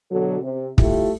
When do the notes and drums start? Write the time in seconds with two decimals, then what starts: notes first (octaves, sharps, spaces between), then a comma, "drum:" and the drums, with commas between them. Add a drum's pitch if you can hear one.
0.12 B2 D3 F#3 F#4 A4
0.42 C3
0.78 A3 E4 F4 G4, drum: kick